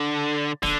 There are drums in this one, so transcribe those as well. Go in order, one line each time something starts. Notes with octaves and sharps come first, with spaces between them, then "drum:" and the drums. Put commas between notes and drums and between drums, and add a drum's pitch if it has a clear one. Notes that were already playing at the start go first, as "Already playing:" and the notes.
Already playing: D3
D3, drum: snare